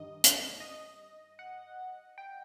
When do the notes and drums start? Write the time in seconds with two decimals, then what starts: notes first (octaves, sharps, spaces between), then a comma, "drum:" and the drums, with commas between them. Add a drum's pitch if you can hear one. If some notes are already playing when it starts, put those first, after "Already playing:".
Already playing: G2 D#3 D#5
0.24 drum: hi-hat
0.60 D#5
1.39 F#5
2.18 G5